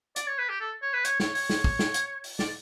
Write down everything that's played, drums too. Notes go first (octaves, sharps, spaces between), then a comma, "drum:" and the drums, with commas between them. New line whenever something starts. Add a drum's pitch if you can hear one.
D5, drum: hi-hat
C#5
B4
G4
A4
C#5
B4
C#5, drum: hi-hat
C#5, drum: snare
C#5, drum: open hi-hat
drum: snare
drum: kick
drum: snare
drum: hi-hat
drum: open hi-hat
D5, drum: snare